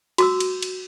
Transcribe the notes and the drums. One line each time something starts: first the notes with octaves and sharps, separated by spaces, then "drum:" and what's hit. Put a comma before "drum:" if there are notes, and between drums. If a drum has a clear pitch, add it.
F#4 D6 E6, drum: cymbal
drum: cymbal
drum: cymbal